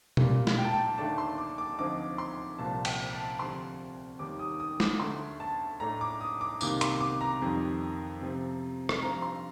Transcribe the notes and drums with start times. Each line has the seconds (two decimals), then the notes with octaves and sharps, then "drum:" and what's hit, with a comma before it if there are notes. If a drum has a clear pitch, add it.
0.17 A#2 G3 A#3, drum: tom B2
0.47 drum: snare
0.58 G5
0.65 A5
0.73 G5
0.98 D#2 D3 A3 D4 A5
1.18 C6
1.38 D6
1.58 D6
1.78 D2 D3 F3 C4 D#4 D6
2.18 C6
2.59 C2 A#2 F3 A5
2.85 G5, drum: cymbal
3.13 A5
3.39 D2 C3 F3 C6
4.19 D#2 D#3 G3 D6
4.39 D#6
4.60 D#6
4.80 D6, drum: snare
5.00 D2 D3 A3 C6
5.40 A5
5.80 A2 A3 D4 A#5
6.01 D6
6.21 D#6
6.41 D6
6.61 C2 C3 D#3 A#3 D6, drum: tambourine
6.81 C6, drum: hi-hat
7.01 D6
7.21 A#5
7.41 F2 D#3 G3
8.21 C3 F3 C4
8.89 drum: rim click
9.02 G2 F3 C4 A#5
9.22 C6